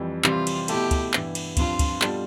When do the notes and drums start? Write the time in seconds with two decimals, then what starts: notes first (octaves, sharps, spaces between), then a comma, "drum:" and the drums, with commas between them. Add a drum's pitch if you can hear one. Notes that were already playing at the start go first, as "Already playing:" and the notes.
Already playing: F2 E3 G3
0.24 C3 E3 G3 C4 F4 G4, drum: clap
0.47 drum: cymbal
0.68 B2 A3 E4 G4 A4, drum: cymbal
0.91 drum: kick, cymbal
1.14 G2 E3 B3 E4 G4, drum: clap
1.35 drum: cymbal
1.57 G2 F3 C4 F4, drum: kick, cymbal
1.79 drum: kick, cymbal
2.02 B2 G3 D4 F4 A4, drum: clap